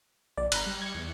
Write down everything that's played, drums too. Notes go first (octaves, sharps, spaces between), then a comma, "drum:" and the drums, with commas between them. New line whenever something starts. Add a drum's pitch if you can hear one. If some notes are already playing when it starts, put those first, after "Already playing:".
B1 D5
G1 A#5 B5 F#6, drum: cymbal
G3
G#6 C#7
E2